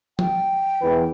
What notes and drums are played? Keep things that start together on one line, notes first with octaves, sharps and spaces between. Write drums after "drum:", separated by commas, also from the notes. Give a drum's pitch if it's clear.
G5, drum: tom F3
E2 E3 B4